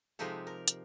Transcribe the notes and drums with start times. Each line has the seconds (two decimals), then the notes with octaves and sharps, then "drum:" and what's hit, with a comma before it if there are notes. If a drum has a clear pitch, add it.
0.19 C3 F3 G#3 D#4 G4 A4
0.47 A#4
0.68 drum: hi-hat